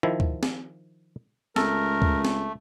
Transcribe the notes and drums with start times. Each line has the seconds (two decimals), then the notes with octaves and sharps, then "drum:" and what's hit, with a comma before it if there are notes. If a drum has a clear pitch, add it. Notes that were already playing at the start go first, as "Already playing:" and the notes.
0.03 D#3 F3 E4
0.20 drum: kick
0.43 drum: snare
1.56 C#2 A3 A4 A#4, drum: snare
2.02 drum: kick
2.25 drum: snare